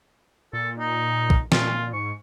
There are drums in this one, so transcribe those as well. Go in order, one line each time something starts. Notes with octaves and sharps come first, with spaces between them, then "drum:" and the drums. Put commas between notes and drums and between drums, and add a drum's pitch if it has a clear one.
A#2 A4
D#4
drum: kick
A#2 F4, drum: snare
G#2 C#6